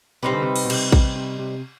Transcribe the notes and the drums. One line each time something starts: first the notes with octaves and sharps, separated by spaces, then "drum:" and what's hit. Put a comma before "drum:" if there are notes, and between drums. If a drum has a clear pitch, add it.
C3 G3 C4 D#4 B4
D3
C3
drum: open hi-hat
B2
C3, drum: cymbal
drum: kick A1
C3
C3